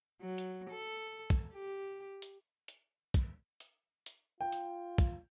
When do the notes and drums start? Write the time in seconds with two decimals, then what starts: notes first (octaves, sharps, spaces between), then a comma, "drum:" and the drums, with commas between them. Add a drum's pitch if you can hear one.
0.22 F#3
0.38 drum: hi-hat
0.71 A4
1.30 drum: kick, hi-hat
1.53 G4
2.22 drum: hi-hat
2.68 drum: hi-hat
3.14 drum: kick, hi-hat
3.60 drum: hi-hat
4.06 drum: hi-hat
4.41 F4 G5
4.52 drum: hi-hat
4.98 drum: kick, hi-hat